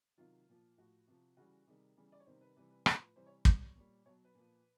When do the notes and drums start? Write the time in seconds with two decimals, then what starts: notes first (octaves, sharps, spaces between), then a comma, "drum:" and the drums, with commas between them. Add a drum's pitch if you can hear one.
0.18 C3 D#3 F#3 F4
0.48 A#2 F3
0.77 A2 F3 F#4
1.07 C3 F3
1.37 C#3 E3 G3 F#4
1.67 C3 D#3 G3 G#4
1.97 C#3 E3 G3
2.12 D5
2.20 C#5
2.26 C3 D#3 G3 C5
2.41 B4
2.56 C3 E3 G3 B4
2.71 B4
2.86 A2 F3 B4, drum: rim click
3.01 B4
3.16 C3 E3 G3 C5
3.26 C#5
3.45 B2 G3 C#5, drum: kick
3.75 A#2 G3
4.05 B2 F#3 C#5
4.25 B4
4.35 A#2 F3